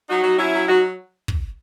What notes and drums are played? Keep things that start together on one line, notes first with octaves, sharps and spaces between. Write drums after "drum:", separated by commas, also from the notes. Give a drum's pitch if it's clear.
F#3 D#4 F#4
F#3
F#3 C#4 E4
F#3
F#3 D#4 F#4
drum: kick